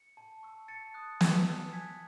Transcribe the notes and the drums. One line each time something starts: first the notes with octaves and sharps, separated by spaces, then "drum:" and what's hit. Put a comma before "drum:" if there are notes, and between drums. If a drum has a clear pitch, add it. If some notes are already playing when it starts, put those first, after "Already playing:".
Already playing: C#7
A5
C#6 E6
A5 A6 C#7
D#6 F#6
A5, drum: snare
E6
G#5 G#6 B6